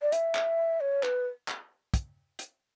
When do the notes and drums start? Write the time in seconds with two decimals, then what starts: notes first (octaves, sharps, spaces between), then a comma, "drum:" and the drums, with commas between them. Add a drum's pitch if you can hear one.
0.02 D5
0.12 E5, drum: hi-hat
0.35 drum: clap
0.80 C#5
1.03 B4, drum: clap
1.48 drum: clap
1.94 drum: kick, hi-hat
2.39 drum: hi-hat